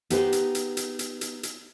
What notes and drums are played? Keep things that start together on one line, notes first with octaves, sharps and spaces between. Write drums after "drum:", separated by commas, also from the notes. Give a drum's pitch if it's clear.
B3 D#4 G4 G#4 B4 C5, drum: hi-hat
drum: hi-hat
drum: hi-hat
drum: hi-hat
drum: hi-hat
drum: hi-hat
drum: hi-hat